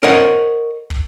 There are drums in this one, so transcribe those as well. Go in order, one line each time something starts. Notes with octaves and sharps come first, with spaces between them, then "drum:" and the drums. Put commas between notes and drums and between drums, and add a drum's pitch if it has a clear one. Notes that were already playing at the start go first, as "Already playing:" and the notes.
A#4 C5 C#5 D#5 F#5
drum: kick